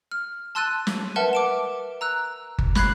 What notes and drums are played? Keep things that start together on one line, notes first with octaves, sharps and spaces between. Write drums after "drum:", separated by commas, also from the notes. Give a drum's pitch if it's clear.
F6
A5 C6 E6 F#6 A6 D#7
drum: snare
A#4 B4 E5 F#5 A5
D6 D7 E7
A#5 E6 F#6
drum: kick G1
B5 F#6 G#6 C7, drum: snare